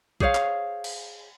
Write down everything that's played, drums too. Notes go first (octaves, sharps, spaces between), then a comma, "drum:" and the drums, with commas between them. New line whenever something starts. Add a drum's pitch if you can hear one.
G#4 C5 C#5 F5, drum: kick
drum: clap
drum: cymbal